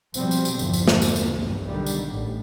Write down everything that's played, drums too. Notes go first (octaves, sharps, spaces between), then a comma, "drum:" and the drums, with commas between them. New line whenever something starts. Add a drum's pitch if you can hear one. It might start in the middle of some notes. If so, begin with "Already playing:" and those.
B2 F3 G3 C4, drum: tambourine
drum: tambourine
drum: tambourine
G1 E2 D3 F3, drum: tambourine
drum: tambourine
drum: snare
drum: tambourine
drum: tambourine
B1 G2
D3 D#3 G3
drum: tambourine
A1 A2